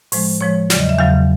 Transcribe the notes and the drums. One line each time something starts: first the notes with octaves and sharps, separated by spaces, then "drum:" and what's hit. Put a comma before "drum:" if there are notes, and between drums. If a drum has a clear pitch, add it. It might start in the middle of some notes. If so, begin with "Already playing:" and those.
A2 F3 G#3 C5, drum: open hi-hat
A2 F3 G#3 C#5
E2 C#3 F#3 D5, drum: snare
D#5
E5
E2 C#3 F#3 F5